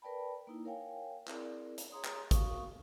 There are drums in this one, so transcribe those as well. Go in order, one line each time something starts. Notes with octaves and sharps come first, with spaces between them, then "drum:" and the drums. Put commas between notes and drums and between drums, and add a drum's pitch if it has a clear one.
A#4 B4 D5 G5 A5 B5
A#3 D#4 E4
A#4 C#5 F5 G5 G#5
C4 E4 G#4 A#4 D5, drum: clap
drum: hi-hat
G#4 C#5 A#5 C6 D#6
drum: clap
F#4 A#4 F5 C#6 D#6, drum: kick, hi-hat